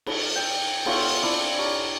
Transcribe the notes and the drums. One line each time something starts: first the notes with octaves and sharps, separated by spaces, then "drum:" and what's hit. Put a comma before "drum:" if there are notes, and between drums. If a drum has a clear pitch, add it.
B4, drum: cymbal
G5 E6
B3 F4 C#5 E5, drum: cymbal
C4 D4 E4 D5
D4 G4 A#4 C#5